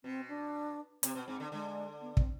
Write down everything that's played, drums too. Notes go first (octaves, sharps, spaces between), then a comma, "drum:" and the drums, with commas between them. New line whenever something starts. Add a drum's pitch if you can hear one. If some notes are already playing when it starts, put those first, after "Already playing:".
B2 C4
D4
C3 C4, drum: hi-hat
B2
G#2 C4
D3
D3 G#3
B3
C4, drum: kick